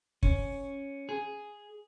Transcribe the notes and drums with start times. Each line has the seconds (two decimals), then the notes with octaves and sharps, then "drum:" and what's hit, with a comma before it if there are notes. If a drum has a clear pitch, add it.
0.23 C#4, drum: kick
1.09 G#4